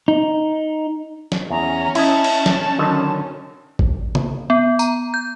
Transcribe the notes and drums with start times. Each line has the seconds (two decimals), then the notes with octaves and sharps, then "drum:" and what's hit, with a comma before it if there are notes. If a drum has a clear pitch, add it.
0.08 D#4
1.32 drum: snare
1.50 E2 C#4 A#5
1.95 E4 D#5 A5, drum: cymbal
2.24 drum: cymbal
2.46 drum: snare
2.78 D3 D#3 F#3
3.79 drum: kick
4.15 drum: tom
4.50 B3
4.79 A#5, drum: tambourine
5.14 G6